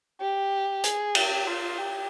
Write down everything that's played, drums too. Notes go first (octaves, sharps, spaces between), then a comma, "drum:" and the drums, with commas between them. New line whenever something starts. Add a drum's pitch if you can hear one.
G4
G#4, drum: hi-hat
G4, drum: cymbal
F4
G4